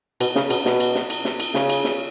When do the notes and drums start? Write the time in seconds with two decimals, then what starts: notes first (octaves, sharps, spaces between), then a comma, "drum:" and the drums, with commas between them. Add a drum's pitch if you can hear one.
0.21 B2, drum: cymbal
0.35 C#3, drum: snare
0.50 B2, drum: cymbal
0.65 B2, drum: snare
0.80 drum: cymbal
0.95 drum: snare
1.10 drum: cymbal
1.25 drum: snare
1.40 drum: cymbal
1.54 C#3, drum: snare
1.69 drum: cymbal
1.84 drum: snare